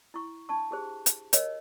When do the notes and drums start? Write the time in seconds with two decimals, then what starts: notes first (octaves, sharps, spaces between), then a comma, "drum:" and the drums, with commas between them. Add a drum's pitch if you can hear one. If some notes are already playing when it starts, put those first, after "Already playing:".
0.14 E4 C#6
0.49 D4 A5 C#6
0.71 G4 G#4 C5
1.06 drum: hi-hat
1.33 A#4 C#5 D#5, drum: hi-hat